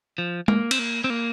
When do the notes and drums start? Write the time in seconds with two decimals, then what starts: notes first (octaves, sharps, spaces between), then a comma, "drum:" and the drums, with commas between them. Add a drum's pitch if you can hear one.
0.18 F3
0.48 A#3, drum: tom
0.71 C4, drum: cymbal
0.79 A#3
1.04 C4
1.10 A#3